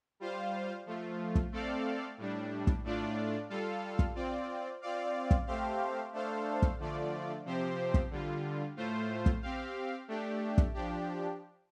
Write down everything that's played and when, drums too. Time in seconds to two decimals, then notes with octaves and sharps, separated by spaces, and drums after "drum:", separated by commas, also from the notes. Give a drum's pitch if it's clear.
0.20 G3 F4 C5 F5
0.86 F3 A3 F4
1.35 drum: kick
1.52 A3 C4 A4 D5 F5
2.18 A2 G3 D4
2.67 drum: kick
2.84 A2 A3 D4 F4 D5
3.49 G3 F4 A4 F5
3.99 drum: kick
4.15 C4 F4 D5
4.81 C4 F4 D5 F5
5.31 drum: kick
5.47 A3 C4 G4 C5 F5
6.13 A3 D4 A4 C5 F5
6.62 drum: kick
6.79 D3 F3 A3 F4 D5
7.45 C3 F3 C4 G4 C5
7.94 drum: kick
8.11 D3 G3 F4
8.76 A2 A3 F4 C5
9.26 drum: kick
9.42 C4 G4 F5
10.08 A3 D4 G4
10.58 drum: kick
10.74 F3 D4 G4